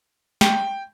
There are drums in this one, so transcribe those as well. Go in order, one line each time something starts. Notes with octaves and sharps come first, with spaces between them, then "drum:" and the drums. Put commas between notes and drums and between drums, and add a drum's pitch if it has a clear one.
G5, drum: snare